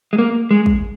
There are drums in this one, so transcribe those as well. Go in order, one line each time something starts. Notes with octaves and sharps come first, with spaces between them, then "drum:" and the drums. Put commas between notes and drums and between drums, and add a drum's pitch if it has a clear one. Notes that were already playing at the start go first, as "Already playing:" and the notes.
G#3
A#3
G#3
drum: kick